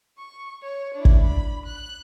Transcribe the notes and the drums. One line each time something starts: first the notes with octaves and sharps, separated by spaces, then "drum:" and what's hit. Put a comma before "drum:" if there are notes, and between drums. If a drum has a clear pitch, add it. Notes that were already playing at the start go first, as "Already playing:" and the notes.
C#6
C#5
D4 E4
drum: kick
B5
F#6